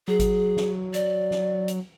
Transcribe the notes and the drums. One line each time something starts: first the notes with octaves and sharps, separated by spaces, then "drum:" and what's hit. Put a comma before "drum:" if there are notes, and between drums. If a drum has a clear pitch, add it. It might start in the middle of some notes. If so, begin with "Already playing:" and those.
F#3 G#4
drum: kick G#1, hi-hat
drum: snare
D5, drum: hi-hat
drum: snare
drum: hi-hat